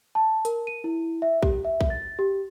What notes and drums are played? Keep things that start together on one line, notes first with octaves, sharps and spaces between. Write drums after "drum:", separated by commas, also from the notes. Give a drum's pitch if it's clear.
A5
A#4, drum: hi-hat
D#7
E4
E5
G4, drum: kick B1
E5
drum: kick B1
A6
G4